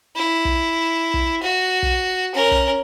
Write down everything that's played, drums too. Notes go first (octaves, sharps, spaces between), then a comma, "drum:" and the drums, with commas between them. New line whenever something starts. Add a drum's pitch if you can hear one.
E4
drum: kick
drum: kick
F#4
drum: kick
C#4 A#4
drum: kick